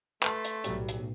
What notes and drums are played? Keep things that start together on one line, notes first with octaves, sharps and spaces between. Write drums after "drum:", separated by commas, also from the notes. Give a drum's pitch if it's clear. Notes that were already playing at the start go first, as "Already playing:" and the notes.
A3 B4 A5 C6, drum: clap
drum: hi-hat
B1 A2 F#3 G3, drum: hi-hat
drum: hi-hat